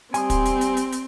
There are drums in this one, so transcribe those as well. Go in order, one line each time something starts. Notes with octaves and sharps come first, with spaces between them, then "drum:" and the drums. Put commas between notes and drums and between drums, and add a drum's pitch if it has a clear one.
G3 C4 G#5 C6 D#6, drum: hi-hat
drum: kick, hi-hat
drum: hi-hat
drum: hi-hat
drum: hi-hat
drum: hi-hat